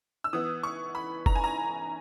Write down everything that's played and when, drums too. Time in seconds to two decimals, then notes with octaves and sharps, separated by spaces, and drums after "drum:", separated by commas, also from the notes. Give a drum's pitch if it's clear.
0.24 E6
0.33 E3 B3 D#6
0.63 C#6
0.95 B5
1.26 A#5, drum: kick F1
1.35 G#5
1.44 A#5